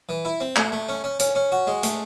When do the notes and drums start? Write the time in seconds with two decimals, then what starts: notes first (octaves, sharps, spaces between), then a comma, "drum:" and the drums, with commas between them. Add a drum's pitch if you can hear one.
0.09 E3
0.25 E4
0.40 C4
0.56 A3, drum: clap
0.72 A3
0.89 C#4
1.04 C#4
1.19 C#4, drum: hi-hat
1.35 C#4
1.52 F#4
1.67 G#3
1.83 A3, drum: hi-hat